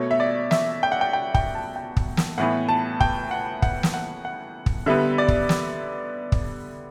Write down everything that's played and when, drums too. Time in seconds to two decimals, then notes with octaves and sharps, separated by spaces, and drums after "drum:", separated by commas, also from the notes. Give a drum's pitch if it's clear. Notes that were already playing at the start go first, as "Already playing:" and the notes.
Already playing: B2 A3 C#5
0.11 E5
0.20 D5
0.51 E5, drum: snare
0.83 G5
0.92 F#5
1.01 G5
1.13 G5
1.34 G5, drum: kick
1.55 A5
1.76 G5
1.97 drum: kick
2.17 drum: snare
2.38 A2 E3 B3 F#5
2.69 A5
3.00 G5, drum: kick
3.31 F#5
3.62 F#5, drum: kick
3.83 drum: snare
3.94 F#5
4.25 F#5
4.66 drum: kick
4.86 D3 G3 B3 E5
5.18 D5
5.28 drum: kick
5.49 drum: snare
6.32 drum: kick